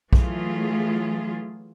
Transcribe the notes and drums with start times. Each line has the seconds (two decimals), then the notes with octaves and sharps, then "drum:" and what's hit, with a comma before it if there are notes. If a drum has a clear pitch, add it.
0.13 E3 F#3 A3 F4 G#4, drum: kick